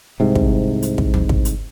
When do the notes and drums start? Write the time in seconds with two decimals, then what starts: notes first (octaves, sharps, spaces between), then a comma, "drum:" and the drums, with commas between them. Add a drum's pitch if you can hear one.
0.20 C2 G#2 C3
0.35 drum: kick
0.82 drum: hi-hat
0.98 drum: kick
1.14 drum: tom
1.29 drum: kick
1.45 drum: hi-hat